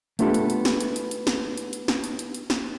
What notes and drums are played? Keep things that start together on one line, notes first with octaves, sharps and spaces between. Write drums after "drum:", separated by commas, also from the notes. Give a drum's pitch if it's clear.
A3 B3 D4 F4 G4 A4, drum: hi-hat
drum: hi-hat
drum: hi-hat
drum: snare
drum: hi-hat
drum: hi-hat
drum: hi-hat
drum: snare
drum: hi-hat
drum: hi-hat
drum: snare
drum: hi-hat
drum: hi-hat
drum: hi-hat
drum: snare